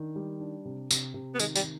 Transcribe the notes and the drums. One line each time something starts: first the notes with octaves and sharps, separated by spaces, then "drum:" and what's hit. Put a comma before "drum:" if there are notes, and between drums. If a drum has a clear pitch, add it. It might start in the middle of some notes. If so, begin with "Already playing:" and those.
Already playing: D#3 D4
G3
D4
C3
C3, drum: tambourine
C3
B3
D#3 G#3, drum: tambourine
G3, drum: tambourine
D#3